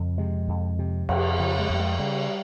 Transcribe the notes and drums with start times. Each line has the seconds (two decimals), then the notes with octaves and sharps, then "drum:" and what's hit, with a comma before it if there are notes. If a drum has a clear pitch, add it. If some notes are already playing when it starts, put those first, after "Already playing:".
Already playing: F2 C#3
0.18 C3 G#3
0.48 F2
0.79 C3
1.09 F2, drum: cymbal
1.39 C#3 F3
1.59 G#3
1.70 F2 G3
1.79 G#3
1.99 C#3 G3